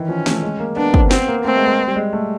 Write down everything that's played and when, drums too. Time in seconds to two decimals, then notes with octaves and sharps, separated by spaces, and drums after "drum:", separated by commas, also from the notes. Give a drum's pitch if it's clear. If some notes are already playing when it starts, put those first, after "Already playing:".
Already playing: D#3 E3
0.08 F3 C#4
0.26 A3, drum: snare
0.42 G#3
0.59 A#3
0.76 B3 D4
0.94 C4, drum: kick
1.11 B3 C4, drum: snare
1.28 A#3
1.44 A3 C4
1.56 G#3
1.67 G#3
1.87 G3
1.96 G#3
2.13 A3